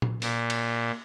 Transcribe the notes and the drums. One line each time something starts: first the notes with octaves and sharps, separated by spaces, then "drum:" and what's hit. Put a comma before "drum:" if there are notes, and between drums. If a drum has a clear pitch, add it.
drum: tom A#2
A#2, drum: open hi-hat
drum: cymbal